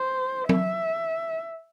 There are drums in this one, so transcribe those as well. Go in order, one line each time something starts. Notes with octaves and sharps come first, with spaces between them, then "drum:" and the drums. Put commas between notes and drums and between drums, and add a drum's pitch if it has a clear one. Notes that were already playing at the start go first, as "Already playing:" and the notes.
Already playing: C5
E5, drum: tom F#3